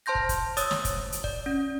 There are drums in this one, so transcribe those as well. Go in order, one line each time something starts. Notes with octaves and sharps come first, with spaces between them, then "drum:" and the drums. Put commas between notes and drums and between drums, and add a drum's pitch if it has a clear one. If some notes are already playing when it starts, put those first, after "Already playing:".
C5 A5 C6 G6 A#6
drum: kick
drum: kick, hi-hat
C#5 D#6 E6 A6, drum: hi-hat
drum: snare
drum: kick, hi-hat
drum: hi-hat
D5, drum: kick
C#4